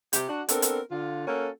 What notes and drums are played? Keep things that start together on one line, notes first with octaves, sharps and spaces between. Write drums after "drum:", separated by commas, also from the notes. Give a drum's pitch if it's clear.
C3 G4, drum: hi-hat
D4 F#4
B3 C4 D4 A4 A#4, drum: hi-hat
drum: hi-hat
D3 F4
A#3 C#4 F#4 A4